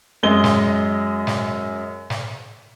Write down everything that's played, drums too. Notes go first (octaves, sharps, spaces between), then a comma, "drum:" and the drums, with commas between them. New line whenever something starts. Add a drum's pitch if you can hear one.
F#2 G#3 D#5 G7
drum: snare
drum: snare
drum: snare